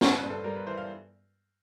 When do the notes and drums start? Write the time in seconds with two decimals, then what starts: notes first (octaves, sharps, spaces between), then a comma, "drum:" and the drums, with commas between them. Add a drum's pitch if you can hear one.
0.01 G2 C5, drum: snare
0.16 B4
0.24 G2
0.30 A4
0.44 G3 A#4
0.56 B4
0.66 E3 C5
0.77 F5